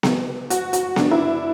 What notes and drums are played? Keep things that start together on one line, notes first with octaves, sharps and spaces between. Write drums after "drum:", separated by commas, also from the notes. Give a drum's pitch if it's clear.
drum: snare B3
F#4, drum: hi-hat
F#4, drum: hi-hat
D4, drum: snare B3
E4